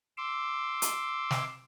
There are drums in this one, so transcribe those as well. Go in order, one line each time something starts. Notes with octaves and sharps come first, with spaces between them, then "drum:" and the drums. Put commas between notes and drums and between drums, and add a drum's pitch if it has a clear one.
C6 D6 E6
drum: hi-hat
drum: snare